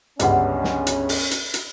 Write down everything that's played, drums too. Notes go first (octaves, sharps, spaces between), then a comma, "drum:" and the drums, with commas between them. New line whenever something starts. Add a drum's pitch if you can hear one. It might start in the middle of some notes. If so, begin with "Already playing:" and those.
G1 C#2 G2 C#4 D#5 F#5, drum: hi-hat
drum: snare
drum: hi-hat
drum: open hi-hat
drum: hi-hat
drum: hi-hat